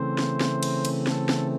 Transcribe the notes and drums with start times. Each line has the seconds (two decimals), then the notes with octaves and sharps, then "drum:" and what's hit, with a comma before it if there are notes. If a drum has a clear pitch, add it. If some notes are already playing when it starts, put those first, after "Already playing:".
Already playing: C#3 E3 A3 C4 C5
0.18 drum: snare
0.40 drum: snare
0.63 drum: cymbal
0.85 drum: cymbal
1.07 A4, drum: snare
1.29 drum: snare